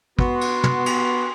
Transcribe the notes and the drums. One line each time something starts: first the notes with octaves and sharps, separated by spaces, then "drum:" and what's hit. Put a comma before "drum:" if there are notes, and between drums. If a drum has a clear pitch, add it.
B3 F#4 C6, drum: kick
drum: cymbal
drum: tom
drum: cymbal